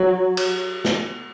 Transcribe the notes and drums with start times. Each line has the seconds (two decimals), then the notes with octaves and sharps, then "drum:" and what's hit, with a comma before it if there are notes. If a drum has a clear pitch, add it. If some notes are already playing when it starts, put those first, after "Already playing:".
Already playing: F#3
0.37 drum: cymbal
0.85 drum: snare